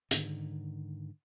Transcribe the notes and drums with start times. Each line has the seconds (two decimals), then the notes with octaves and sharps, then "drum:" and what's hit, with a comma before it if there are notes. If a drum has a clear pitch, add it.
0.11 G#2 D3 D#3, drum: hi-hat